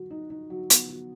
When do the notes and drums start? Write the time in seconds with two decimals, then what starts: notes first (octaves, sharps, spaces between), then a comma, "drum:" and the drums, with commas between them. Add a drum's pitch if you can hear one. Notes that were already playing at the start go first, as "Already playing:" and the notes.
Already playing: F#3 F#4
0.10 D#4
0.30 D#4
0.50 F#3
0.70 B3, drum: hi-hat
0.89 F#4